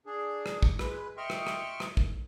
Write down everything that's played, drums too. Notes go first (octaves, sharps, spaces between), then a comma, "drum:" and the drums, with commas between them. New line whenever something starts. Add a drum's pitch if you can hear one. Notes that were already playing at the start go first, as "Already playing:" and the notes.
D4 G#4
drum: rim click
drum: kick
G#3 B4, drum: rim click
D#5 E5 G5 C6 C#6 F6
drum: rim click
drum: rim click
drum: rim click
drum: kick